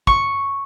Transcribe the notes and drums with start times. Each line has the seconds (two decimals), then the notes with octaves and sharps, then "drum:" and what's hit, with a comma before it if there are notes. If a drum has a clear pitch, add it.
0.07 C#6, drum: kick